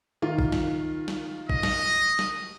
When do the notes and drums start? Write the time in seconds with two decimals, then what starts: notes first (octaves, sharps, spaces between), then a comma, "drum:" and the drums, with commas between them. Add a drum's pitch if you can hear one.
0.22 D#3 F4
0.39 drum: kick
0.52 drum: snare
1.08 drum: snare
1.50 D#5, drum: kick
1.63 drum: snare
2.19 drum: snare